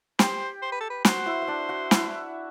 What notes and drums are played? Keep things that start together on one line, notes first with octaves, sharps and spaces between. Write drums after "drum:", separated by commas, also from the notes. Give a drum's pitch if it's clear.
G4 C5 G5, drum: snare
C5
B4
A4
B4
F#4 C5 F#5, drum: snare
E4 E5
E5
D4 D5
F#4 F#5
E4 E5, drum: snare